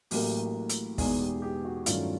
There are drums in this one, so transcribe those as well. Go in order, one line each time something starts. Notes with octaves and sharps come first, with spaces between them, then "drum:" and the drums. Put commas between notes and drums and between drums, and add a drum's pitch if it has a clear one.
A1 A2 F#3 A#3 G4, drum: open hi-hat
drum: hi-hat
E2 B2 G#3 B3 D#4 G#4, drum: kick, open hi-hat
G4
G4
F#4
G2 D#3 F#3 A3 C#4 F4, drum: hi-hat